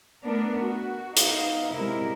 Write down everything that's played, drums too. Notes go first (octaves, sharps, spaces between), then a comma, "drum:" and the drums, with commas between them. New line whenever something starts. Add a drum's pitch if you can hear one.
A3 B3 D4 A#4
F#4
B3 D#4 F5, drum: hi-hat
C3 G3 G#3 E4 A#4